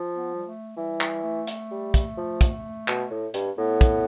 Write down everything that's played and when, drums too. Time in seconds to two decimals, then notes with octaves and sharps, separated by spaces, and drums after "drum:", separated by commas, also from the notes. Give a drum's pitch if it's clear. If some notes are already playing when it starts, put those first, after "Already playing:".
Already playing: F3
0.15 B3
0.35 G3
0.46 A3
0.77 E3 G3
1.01 drum: clap
1.23 A3
1.47 drum: hi-hat
1.71 G3
1.94 drum: kick, hi-hat
2.17 F3
2.41 drum: kick, hi-hat
2.88 B2, drum: clap
3.11 A2
3.34 G2, drum: hi-hat
3.58 A2 B3
3.81 drum: kick, hi-hat